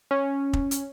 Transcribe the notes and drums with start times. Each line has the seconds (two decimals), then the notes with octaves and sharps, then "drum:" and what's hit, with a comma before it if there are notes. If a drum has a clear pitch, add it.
0.11 C#4
0.53 drum: kick
0.71 drum: hi-hat